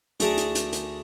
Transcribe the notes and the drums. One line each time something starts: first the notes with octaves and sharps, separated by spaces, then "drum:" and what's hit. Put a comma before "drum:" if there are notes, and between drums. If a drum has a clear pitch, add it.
D2 A3 G#4 A#4 A5 D6, drum: hi-hat
drum: hi-hat
drum: hi-hat
drum: hi-hat